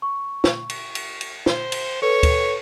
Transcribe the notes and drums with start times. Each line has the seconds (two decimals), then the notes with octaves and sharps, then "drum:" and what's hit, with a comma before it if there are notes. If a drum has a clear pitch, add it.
0.02 C#6
0.44 drum: snare
0.70 drum: cymbal
0.95 drum: cymbal
1.21 drum: cymbal
1.46 C5, drum: snare
1.72 drum: cymbal
2.02 A4 B4 C#5
2.23 drum: kick D2, cymbal